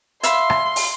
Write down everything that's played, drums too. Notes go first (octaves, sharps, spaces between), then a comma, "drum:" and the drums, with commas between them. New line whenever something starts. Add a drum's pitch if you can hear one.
E5 F5 B5 C6, drum: hi-hat
drum: rim click
drum: open hi-hat